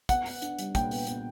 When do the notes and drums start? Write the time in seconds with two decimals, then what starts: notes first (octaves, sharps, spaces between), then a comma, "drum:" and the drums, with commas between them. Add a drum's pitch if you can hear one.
0.09 B3 F#5, drum: kick, hi-hat
0.26 B3, drum: open hi-hat
0.42 D4, drum: hi-hat
0.59 G3, drum: hi-hat
0.75 A#2 G5, drum: kick, hi-hat
0.91 B3, drum: open hi-hat
1.07 B3, drum: hi-hat